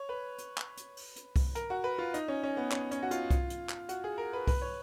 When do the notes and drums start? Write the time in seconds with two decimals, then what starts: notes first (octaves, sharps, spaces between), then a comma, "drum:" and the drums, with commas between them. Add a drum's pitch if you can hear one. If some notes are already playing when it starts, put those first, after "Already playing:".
Already playing: C#5
0.09 B4
0.38 drum: hi-hat
0.58 drum: clap
0.77 drum: hi-hat
0.97 drum: open hi-hat
1.16 drum: hi-hat
1.36 drum: kick C2, open hi-hat
1.55 A#4, drum: hi-hat
1.70 F#4
1.84 B4
1.98 F4
2.14 D#4, drum: hi-hat
2.28 C#4
2.43 C#4
2.57 B3
2.72 C#4, drum: clap
2.91 C#4, drum: hi-hat
3.03 F#4
3.11 F4, drum: hi-hat
3.30 drum: kick C2, hi-hat
3.50 drum: hi-hat
3.69 drum: clap
3.89 F#4, drum: hi-hat
4.04 G#4
4.18 A#4
4.33 B4
4.47 B4, drum: kick C2, open hi-hat
4.62 C#5